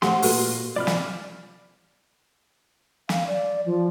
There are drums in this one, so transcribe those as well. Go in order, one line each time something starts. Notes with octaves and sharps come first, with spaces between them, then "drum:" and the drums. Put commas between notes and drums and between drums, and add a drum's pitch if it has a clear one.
A3 F#4 G4 C5 F#5 C6, drum: snare
A#2 A#3 F#4 A4 B4, drum: open hi-hat
C3 F3 D5 B5 F6
drum: snare
F5, drum: snare
D5
F3